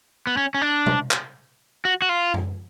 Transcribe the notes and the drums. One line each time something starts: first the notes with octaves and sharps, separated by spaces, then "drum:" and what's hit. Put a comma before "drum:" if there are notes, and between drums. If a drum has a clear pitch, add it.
B3
C#4
C#4
D4
drum: tom B2
drum: clap
F#4
F#4
F4
drum: tom F#2